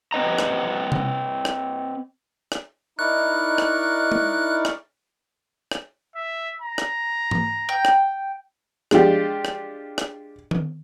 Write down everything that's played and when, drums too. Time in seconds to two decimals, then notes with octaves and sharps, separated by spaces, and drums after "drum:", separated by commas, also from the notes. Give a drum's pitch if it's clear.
0.13 C4 B4 D#5 A#5
0.39 drum: rim click
0.92 drum: tom C3
1.45 drum: rim click
2.52 drum: rim click
2.99 D#4 E4 A#4 D5 C#6 F#6
3.58 drum: rim click
4.12 drum: tom G#3
4.65 drum: rim click
5.72 drum: rim click
6.16 E5
6.62 A#5
6.78 drum: rim click
7.31 drum: tom
7.69 G5
7.85 drum: rim click
8.91 G#3 D4 F4 G4, drum: rim click
9.45 drum: rim click
9.98 drum: rim click
10.51 drum: tom D#3